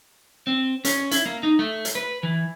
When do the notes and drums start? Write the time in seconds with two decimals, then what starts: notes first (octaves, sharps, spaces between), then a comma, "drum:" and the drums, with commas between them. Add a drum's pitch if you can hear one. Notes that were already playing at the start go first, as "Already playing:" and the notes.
0.47 C4
0.85 C#4, drum: hi-hat
1.11 E4, drum: hi-hat
1.26 A#3
1.43 D#4
1.59 A3
1.85 drum: hi-hat
1.95 B4
2.23 E3